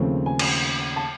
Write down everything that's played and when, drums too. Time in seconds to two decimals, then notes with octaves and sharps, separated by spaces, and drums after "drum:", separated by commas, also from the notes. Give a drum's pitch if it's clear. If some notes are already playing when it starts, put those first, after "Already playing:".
Already playing: D#2 C#3 F3 A3 C4
0.26 G#5
0.39 drum: cymbal
0.96 A5